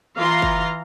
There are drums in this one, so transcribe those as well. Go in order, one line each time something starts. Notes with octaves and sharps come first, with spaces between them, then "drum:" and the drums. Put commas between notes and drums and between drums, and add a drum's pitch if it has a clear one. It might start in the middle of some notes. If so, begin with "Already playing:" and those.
E3 F4 F5 A#5 C6
drum: kick F#1